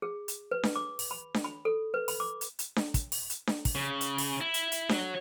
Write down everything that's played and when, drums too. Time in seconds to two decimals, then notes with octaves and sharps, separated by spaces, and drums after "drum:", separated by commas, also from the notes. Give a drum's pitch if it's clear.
0.02 G#4
0.28 drum: hi-hat
0.51 B4
0.63 drum: snare D4
0.76 D6
0.99 drum: open hi-hat
1.11 B5
1.34 drum: snare D4
1.44 B5
1.65 A4
1.94 B4
2.08 B5, drum: open hi-hat
2.20 D6
2.41 drum: hi-hat
2.59 drum: hi-hat
2.76 drum: snare D4
2.94 drum: kick, hi-hat
3.12 drum: open hi-hat
3.30 drum: hi-hat
3.47 drum: snare D4
3.65 drum: kick, open hi-hat
3.75 C#3
4.01 drum: hi-hat
4.18 drum: open hi-hat
4.41 E4
4.54 drum: hi-hat
4.72 drum: hi-hat
4.89 F#3, drum: snare D4